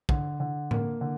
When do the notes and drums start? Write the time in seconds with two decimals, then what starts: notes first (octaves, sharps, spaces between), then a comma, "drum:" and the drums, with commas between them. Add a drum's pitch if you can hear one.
0.09 D3, drum: kick
0.40 D3
0.71 A#3, drum: tom A2
1.01 D3